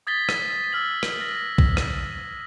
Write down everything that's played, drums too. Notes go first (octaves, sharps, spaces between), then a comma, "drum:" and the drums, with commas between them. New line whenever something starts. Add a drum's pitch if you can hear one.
D#6 G#6 A6 B6 G7
drum: rim click
E6 F6 A6 F#7
drum: rim click
A#6
drum: kick B1
drum: rim click